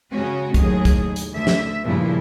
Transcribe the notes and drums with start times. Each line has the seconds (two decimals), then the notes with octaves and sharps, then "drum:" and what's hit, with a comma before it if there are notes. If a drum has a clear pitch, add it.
0.10 C#3 G#3 C#4 F#4
0.54 D#2 A2 D#3 F#3 G#4, drum: kick, hi-hat
0.85 drum: kick, hi-hat
1.16 drum: hi-hat
1.32 D2 D3 E5
1.47 drum: snare
1.82 G2 A#2 C#3 F3 E4